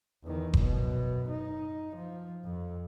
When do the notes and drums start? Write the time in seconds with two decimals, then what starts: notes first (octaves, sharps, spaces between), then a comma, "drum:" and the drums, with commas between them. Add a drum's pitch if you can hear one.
0.24 E2 D#3
0.54 F#2 B2, drum: kick F#1
1.29 D#4
1.95 F3
2.44 F2